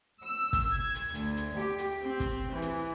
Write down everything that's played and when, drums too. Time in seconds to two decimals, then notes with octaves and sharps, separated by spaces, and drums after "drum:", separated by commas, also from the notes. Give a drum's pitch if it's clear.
0.22 E6
0.53 drum: kick, hi-hat
0.73 G#6
0.95 drum: hi-hat
1.14 D2, drum: hi-hat
1.36 drum: hi-hat
1.57 G4
1.78 drum: hi-hat
2.01 C4
2.20 drum: kick, hi-hat
2.52 E3
2.62 drum: hi-hat